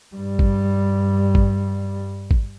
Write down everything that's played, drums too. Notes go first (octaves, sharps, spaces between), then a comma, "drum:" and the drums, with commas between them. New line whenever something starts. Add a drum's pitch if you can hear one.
G2 G3
drum: kick G#1
drum: kick G#1
drum: kick G#1